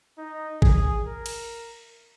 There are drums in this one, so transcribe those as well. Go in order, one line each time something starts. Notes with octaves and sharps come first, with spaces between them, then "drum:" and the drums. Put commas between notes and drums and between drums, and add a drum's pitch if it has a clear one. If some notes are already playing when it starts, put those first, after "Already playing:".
D#4
G#4, drum: kick G#1
A#4
drum: cymbal